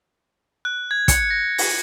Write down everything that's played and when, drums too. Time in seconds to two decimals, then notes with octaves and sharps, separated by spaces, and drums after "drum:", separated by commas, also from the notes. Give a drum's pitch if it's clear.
0.65 F#6
0.91 G#6
1.08 C#7, drum: kick, hi-hat
1.30 A#6
1.58 drum: open hi-hat